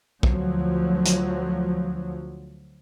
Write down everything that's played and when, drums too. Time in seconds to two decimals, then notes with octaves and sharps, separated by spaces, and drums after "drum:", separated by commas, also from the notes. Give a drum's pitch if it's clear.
0.23 D2 F3 F#3, drum: kick
1.05 drum: hi-hat